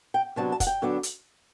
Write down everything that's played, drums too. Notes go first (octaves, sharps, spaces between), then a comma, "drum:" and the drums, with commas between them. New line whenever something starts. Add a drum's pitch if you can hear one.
G5
C3 F#3 B3 D4 A5
A5
F#5, drum: kick, hi-hat
G5
D3 F#3 B3 D4
drum: hi-hat